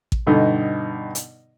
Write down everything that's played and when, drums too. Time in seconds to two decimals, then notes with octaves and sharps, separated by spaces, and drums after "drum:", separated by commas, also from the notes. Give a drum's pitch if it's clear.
0.12 drum: kick A1
0.27 G2 B2 D3 B3 D#4
1.15 drum: hi-hat